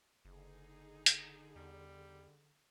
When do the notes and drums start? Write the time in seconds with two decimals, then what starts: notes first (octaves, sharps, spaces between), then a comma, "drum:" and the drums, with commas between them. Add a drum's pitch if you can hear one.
0.25 F#1 D3 D#4 G#4
1.06 drum: hi-hat
1.56 E2 G3